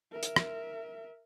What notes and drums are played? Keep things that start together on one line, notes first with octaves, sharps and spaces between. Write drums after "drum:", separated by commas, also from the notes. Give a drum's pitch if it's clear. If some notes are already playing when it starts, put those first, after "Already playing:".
A#4 E5
drum: hi-hat
drum: rim click